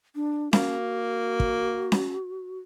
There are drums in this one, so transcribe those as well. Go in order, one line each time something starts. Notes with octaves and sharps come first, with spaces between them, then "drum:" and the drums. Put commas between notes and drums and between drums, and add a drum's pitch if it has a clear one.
D4
A#3 F#4, drum: snare C#4
drum: kick
drum: snare C#4